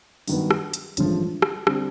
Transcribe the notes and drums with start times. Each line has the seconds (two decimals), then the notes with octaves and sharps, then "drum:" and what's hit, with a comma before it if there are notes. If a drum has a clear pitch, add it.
0.27 G2 D#3 F#3 B3, drum: open hi-hat
0.51 drum: rim click
0.74 drum: hi-hat
0.97 A1 G2 D3 F3 G#3, drum: hi-hat
1.42 drum: rim click
1.67 D3 G3 C4, drum: rim click